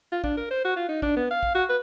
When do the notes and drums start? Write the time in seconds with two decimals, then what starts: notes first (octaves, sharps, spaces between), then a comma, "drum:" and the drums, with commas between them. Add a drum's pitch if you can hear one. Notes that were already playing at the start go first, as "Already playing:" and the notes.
0.12 F4
0.24 D4, drum: kick
0.37 A#4
0.51 C5
0.65 F#4
0.76 F4
0.89 D#4
1.02 D4, drum: kick
1.16 B3
1.31 F5
1.43 drum: kick
1.55 F#4
1.69 B4